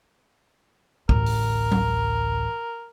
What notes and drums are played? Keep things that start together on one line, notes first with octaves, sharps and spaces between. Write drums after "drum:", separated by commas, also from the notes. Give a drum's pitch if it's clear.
A1 D2 A#4, drum: kick
drum: open hi-hat
drum: tom F#3